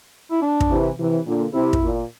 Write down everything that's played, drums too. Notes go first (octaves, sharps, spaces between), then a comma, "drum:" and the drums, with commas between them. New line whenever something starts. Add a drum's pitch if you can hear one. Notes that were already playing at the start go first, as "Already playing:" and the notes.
E4
D4
drum: kick
C3 E3
C3 E3
A#2 D3
C3 E4
drum: kick
A#2